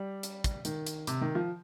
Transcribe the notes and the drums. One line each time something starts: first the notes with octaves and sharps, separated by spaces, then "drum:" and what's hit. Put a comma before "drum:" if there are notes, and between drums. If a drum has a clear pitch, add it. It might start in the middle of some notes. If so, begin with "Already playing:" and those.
Already playing: G3
drum: hi-hat
drum: kick, hi-hat
D#3, drum: hi-hat
drum: hi-hat
C3, drum: hi-hat
D#3
F3